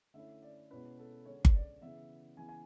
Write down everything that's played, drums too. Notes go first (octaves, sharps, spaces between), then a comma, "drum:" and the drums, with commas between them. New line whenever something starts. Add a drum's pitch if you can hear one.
D3 A3 C#4 E4 E5
D5
B2 G#3 C#4 E4 B4
A4
D3 G#3 C#4 C#5
drum: kick G1
D5
C#3 E3 B3 E5
C#3 E3 B3 G#5
G#5